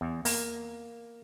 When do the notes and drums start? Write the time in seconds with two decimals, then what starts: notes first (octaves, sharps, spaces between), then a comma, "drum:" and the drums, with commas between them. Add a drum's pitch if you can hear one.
0.01 E2
0.25 A#3, drum: open hi-hat